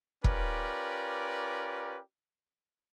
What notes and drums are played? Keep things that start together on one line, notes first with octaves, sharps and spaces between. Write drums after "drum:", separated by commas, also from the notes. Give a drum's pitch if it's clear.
C#4 F4 G4 A#4 B4 D5, drum: kick E1